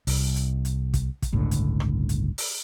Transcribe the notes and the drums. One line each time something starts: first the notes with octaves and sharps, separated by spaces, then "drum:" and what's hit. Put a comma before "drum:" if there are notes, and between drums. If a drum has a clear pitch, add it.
C2, drum: open hi-hat
drum: hi-hat
drum: hi-hat
drum: kick, hi-hat
drum: kick, hi-hat
G1 C#2 A2 D3
drum: hi-hat
drum: rim click
drum: hi-hat
drum: open hi-hat